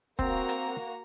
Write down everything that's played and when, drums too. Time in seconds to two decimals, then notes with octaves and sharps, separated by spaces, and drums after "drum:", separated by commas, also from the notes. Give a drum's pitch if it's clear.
0.19 A#3 C4 F#4 A#5, drum: kick
0.49 drum: rim click